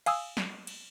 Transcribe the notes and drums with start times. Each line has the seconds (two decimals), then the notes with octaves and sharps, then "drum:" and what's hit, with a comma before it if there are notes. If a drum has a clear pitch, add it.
0.06 F5 G#5 D#6 E6, drum: cymbal
0.37 drum: snare
0.67 drum: cymbal